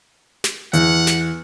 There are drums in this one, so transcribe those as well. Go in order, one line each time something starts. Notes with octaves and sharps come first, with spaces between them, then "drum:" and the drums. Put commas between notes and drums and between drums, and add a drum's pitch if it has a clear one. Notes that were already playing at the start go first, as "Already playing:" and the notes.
drum: snare
E2 F#5, drum: hi-hat
drum: snare